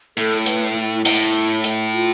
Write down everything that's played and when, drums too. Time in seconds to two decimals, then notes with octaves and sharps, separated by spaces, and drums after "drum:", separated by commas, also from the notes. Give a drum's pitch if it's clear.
0.17 A2 A4
0.46 B4, drum: hi-hat
0.76 E4
1.05 A2, drum: open hi-hat
1.64 drum: hi-hat
1.93 F4